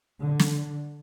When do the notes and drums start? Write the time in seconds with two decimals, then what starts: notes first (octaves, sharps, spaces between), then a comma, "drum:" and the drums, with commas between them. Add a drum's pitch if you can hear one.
0.22 D3
0.39 drum: snare